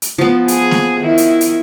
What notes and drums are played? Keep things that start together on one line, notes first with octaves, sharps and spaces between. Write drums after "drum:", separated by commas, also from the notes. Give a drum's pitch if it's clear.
drum: hi-hat
F3 B3
G#4, drum: hi-hat
drum: snare A#3
D#3 E4
drum: hi-hat
drum: hi-hat